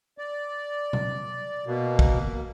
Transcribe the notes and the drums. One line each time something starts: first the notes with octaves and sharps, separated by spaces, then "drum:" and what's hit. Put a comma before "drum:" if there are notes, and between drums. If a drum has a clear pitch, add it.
D5
drum: tom B2
B2 A#3
drum: kick